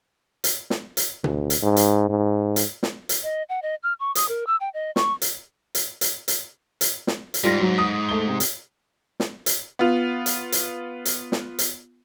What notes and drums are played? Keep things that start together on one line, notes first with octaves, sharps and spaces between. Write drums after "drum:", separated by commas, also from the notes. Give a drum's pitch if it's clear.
drum: hi-hat
drum: snare
drum: hi-hat
D2, drum: tom B2
drum: hi-hat
G#2
drum: hi-hat
G#2
drum: hi-hat
drum: snare
drum: hi-hat
D#5
F#5
D#5
F6
C#6
D#6, drum: hi-hat
A#4
E6
G5
D#5
C#6, drum: snare
drum: hi-hat
drum: hi-hat
drum: hi-hat
drum: hi-hat
drum: hi-hat
drum: snare
drum: hi-hat
G#2 G3 F4 A#6
F#3
D#6
A3 G7
C3
drum: hi-hat
drum: snare
drum: hi-hat
B3 F4
drum: hi-hat
drum: hi-hat
drum: hi-hat
drum: snare
drum: hi-hat